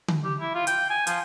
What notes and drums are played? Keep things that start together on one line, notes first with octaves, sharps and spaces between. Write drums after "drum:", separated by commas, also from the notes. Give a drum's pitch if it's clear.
drum: tom D3
G4
E4
F4
G5, drum: hi-hat
G#5
F3, drum: hi-hat